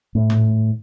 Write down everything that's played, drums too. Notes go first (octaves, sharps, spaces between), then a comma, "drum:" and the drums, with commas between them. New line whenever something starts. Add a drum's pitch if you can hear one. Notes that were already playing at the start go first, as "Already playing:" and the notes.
A2
drum: tom